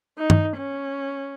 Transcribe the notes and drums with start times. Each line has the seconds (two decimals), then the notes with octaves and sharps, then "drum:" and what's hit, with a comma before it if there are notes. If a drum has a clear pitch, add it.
0.18 D#4
0.30 drum: tom G2
0.57 C#4